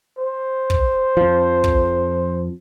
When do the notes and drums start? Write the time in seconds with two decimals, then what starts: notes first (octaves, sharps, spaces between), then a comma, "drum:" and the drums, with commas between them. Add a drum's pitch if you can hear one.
0.19 C5
0.70 drum: kick
1.17 F2 F3
1.64 drum: kick